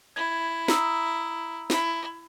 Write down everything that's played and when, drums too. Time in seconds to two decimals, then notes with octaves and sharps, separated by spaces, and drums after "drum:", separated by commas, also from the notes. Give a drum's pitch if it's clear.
0.16 E4 G#6
0.68 A#5 D#6 E6, drum: snare
1.70 E4, drum: snare